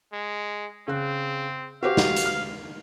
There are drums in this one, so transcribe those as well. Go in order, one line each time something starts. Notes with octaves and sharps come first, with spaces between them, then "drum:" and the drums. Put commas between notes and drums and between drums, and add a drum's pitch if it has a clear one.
G#3
C#3 C4 F#6
F#4 G4 C5 F5
drum: snare
drum: hi-hat
F6